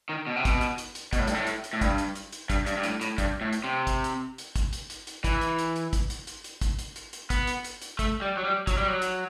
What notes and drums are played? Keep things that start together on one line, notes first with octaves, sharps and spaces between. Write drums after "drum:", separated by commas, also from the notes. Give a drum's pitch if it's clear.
D#3
B2
C3
B2, drum: kick, hi-hat
drum: hi-hat
drum: hi-hat
drum: hi-hat
B2, drum: kick, hi-hat
A2
G2, drum: hi-hat
A2
drum: hi-hat
drum: hi-hat
A2
G2, drum: kick, hi-hat
drum: hi-hat
drum: hi-hat
drum: hi-hat
G2, drum: kick, hi-hat
G2, drum: hi-hat
G2
A2, drum: hi-hat
A2, drum: hi-hat
G2, drum: kick, hi-hat
A2
drum: hi-hat
C3
drum: kick, hi-hat
drum: hi-hat
drum: hi-hat
drum: kick, hi-hat
drum: hi-hat
drum: hi-hat
drum: hi-hat
E3, drum: kick, hi-hat
drum: hi-hat
drum: hi-hat
drum: hi-hat
drum: kick, hi-hat
drum: hi-hat
drum: hi-hat
drum: hi-hat
drum: kick, hi-hat
drum: hi-hat
drum: hi-hat
drum: hi-hat
B3, drum: kick, hi-hat
drum: hi-hat
drum: hi-hat
drum: hi-hat
A3, drum: kick, hi-hat
G3
F#3
G3
F#3, drum: kick, hi-hat
G3
F#3
drum: hi-hat